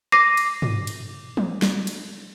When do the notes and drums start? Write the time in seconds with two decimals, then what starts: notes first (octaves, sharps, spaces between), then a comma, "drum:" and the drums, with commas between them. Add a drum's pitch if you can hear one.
0.12 D6 A#6 C7 D#7
0.37 drum: cymbal
0.62 drum: tom
0.87 drum: cymbal
1.37 drum: tom
1.62 drum: snare
1.87 drum: cymbal